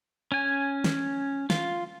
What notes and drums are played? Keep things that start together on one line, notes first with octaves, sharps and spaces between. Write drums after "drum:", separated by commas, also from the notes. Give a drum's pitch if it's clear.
C#4 G#5
drum: snare
F4, drum: snare